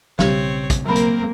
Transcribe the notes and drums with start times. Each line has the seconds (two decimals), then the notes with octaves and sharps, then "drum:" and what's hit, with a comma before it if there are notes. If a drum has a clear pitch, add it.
0.19 B1 C#3 G3 C4 G4 C#5, drum: snare
0.70 drum: kick, hi-hat
0.86 F#3 A#3 C4 A#4 B5
0.96 drum: hi-hat